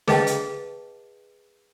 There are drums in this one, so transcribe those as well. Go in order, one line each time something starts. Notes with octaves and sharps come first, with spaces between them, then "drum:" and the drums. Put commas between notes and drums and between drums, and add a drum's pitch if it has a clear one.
G#4 B4 D#5 F5 G5 A5, drum: snare
drum: hi-hat